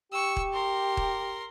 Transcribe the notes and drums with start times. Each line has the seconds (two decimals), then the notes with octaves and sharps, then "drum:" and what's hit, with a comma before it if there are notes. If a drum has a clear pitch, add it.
0.12 G4 C#6 E6
0.36 drum: kick D#1
0.53 A#4 C6
0.97 drum: kick D#1